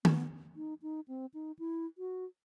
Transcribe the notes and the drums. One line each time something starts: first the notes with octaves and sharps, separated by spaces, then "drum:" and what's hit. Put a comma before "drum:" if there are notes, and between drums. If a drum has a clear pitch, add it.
B3, drum: tom D#3
D#4
D#4
C4
D#4
E4
F#4